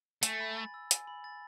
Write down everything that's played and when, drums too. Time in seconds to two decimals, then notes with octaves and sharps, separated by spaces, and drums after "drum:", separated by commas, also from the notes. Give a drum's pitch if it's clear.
0.23 A3 G#5, drum: hi-hat
0.40 B5
0.57 A6
0.74 E6
0.91 G#5, drum: hi-hat
1.07 B5
1.24 A6